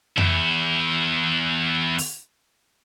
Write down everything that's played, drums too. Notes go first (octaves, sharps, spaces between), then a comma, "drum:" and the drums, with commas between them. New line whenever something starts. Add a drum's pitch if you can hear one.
E2 E4, drum: tom F2
drum: open hi-hat